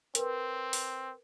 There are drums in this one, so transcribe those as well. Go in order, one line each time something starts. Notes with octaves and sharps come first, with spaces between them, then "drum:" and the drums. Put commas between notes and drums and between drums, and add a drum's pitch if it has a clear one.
C4 A#4 B4, drum: hi-hat
drum: open hi-hat